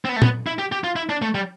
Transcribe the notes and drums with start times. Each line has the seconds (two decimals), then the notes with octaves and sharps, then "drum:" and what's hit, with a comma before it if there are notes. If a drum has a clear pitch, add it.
0.05 C4
0.09 B3
0.16 A3
0.22 B3, drum: tom A#2
0.47 E4
0.59 G4
0.72 G4
0.84 F4
0.96 E4
1.09 D4
1.22 A3
1.35 G3